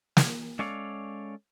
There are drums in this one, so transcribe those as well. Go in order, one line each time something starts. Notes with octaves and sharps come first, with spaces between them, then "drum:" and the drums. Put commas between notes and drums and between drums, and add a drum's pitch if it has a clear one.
drum: snare
G#3 C#4 A4 C#5 D5 F5